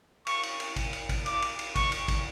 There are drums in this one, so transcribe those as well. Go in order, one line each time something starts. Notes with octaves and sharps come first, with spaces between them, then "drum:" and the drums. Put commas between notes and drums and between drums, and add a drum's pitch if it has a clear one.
C#6, drum: cymbal
drum: cymbal
drum: cymbal
drum: kick, cymbal
drum: cymbal
drum: kick, cymbal
D6, drum: cymbal
drum: cymbal
drum: cymbal
C#6, drum: kick, cymbal
drum: cymbal
drum: kick, cymbal